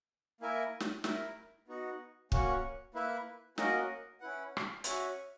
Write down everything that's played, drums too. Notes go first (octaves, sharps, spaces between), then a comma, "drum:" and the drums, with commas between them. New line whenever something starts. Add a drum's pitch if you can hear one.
A#3 E4 A#4 E5 G#5
drum: snare
E4 A#4 E5, drum: snare
B3 D#4 F#4
A#3 C#4 F#4 C#5, drum: kick
A#3 E4 B4 E5
A#3 C#4 F#4 A#4 D#5, drum: snare
C#4 E4 B4 F#5
drum: rim click
C#4 F#4 C#5 E5 G#5, drum: hi-hat